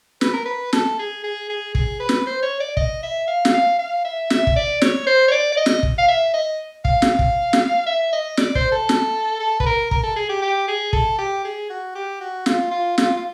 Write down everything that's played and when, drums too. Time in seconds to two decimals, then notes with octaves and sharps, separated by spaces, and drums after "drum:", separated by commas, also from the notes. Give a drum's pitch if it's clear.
0.21 B4, drum: snare
0.33 A#4
0.46 B4
0.73 A4, drum: snare
0.99 G#4
1.24 G#4
1.49 G#4
1.75 G#4, drum: kick
2.00 B4
2.09 drum: snare
2.26 C5
2.42 C#5
2.60 D5
2.77 D#5, drum: kick
3.03 E5
3.28 F5
3.45 drum: snare
3.54 F5
3.79 F5
4.04 E5
4.30 E5, drum: snare
4.47 drum: kick
4.56 D5
4.81 C#5, drum: snare
5.07 C5
5.28 C#5
5.32 D5
5.52 D5
5.57 D#5
5.66 drum: snare
5.83 drum: kick
5.98 F5
6.08 E5
6.33 D#5
6.85 F5, drum: kick
7.02 drum: snare
7.19 drum: kick
7.53 drum: snare
7.86 E5
8.13 D#5
8.37 D5, drum: snare
8.55 C5, drum: kick
8.72 A4
8.89 drum: snare
9.40 A4
9.60 B4, drum: kick
9.66 A#4
9.91 A#4, drum: kick
10.03 A4
10.16 G#4
10.29 G4
10.42 G4
10.68 G#4
10.93 A4, drum: kick
11.18 G4
11.45 G#4
11.70 F#4
11.95 G4
12.20 F#4
12.46 F4, drum: snare
12.71 F4
12.98 F4, drum: snare
13.17 F4